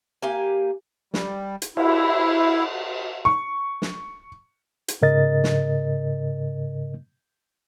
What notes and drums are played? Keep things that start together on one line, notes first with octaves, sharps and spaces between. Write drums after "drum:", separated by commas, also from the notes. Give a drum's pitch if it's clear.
A#3 G4 F5 G#5
G3, drum: snare
drum: hi-hat
E4, drum: cymbal
C#6
drum: snare
drum: hi-hat
G#2 C#3 A#4 D#5 A6
drum: snare